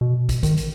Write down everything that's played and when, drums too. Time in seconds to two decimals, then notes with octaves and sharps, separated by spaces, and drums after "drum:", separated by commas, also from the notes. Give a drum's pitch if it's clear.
0.01 B2
0.29 drum: kick, hi-hat
0.43 D#3, drum: kick, hi-hat
0.57 drum: hi-hat